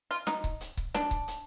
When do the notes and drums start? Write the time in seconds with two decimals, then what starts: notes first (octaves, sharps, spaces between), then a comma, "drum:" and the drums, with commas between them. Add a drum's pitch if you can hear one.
0.11 F4
0.27 D#4, drum: snare
0.44 drum: kick C#1
0.61 drum: hi-hat
0.77 drum: kick C#1
0.94 D4, drum: snare
1.11 drum: kick C#1
1.28 drum: hi-hat